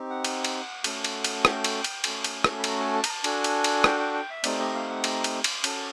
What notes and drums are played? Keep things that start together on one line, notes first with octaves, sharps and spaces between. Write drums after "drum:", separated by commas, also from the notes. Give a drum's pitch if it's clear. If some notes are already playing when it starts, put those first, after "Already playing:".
Already playing: C4 D#4 G4
F#5
drum: cymbal
drum: cymbal
A3 C#4 F#4 A4, drum: cymbal
drum: cymbal
drum: cymbal
G5, drum: rim click
drum: cymbal
drum: cymbal
A3 C#4 F#4 A4 G#5, drum: cymbal
drum: cymbal
drum: rim click
B5
A#5, drum: cymbal
G#5
A5
A#5, drum: cymbal
A5
D4 F#4 A4 G#5, drum: cymbal
drum: cymbal
drum: cymbal
G5, drum: rim click
G5
G5
E5
A3 C4 D#4 G4 D5, drum: cymbal
D#5
F5
F#5
A#5, drum: cymbal
drum: cymbal
drum: cymbal
C#4 F#4 A4 A5, drum: cymbal